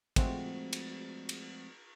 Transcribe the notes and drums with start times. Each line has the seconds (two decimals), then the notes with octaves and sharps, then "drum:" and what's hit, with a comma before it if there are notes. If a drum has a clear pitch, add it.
0.16 F3 G#3 A3 C4 F#4, drum: kick, cymbal
0.73 drum: cymbal
1.29 drum: cymbal